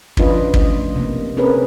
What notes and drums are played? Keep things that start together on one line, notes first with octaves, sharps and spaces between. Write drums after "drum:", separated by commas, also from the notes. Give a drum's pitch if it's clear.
F3 C#4 D4 F4 B4 D#5, drum: kick
A3 D#5, drum: kick
C3 A#3
C4 C#4 G#4 A#4 B4 C#5